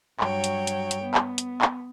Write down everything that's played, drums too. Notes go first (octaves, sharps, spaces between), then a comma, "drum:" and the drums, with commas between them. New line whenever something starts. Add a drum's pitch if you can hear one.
G2 F#3 C#5 G5, drum: clap
drum: hi-hat
drum: hi-hat
drum: hi-hat
B3
drum: clap
drum: hi-hat
drum: clap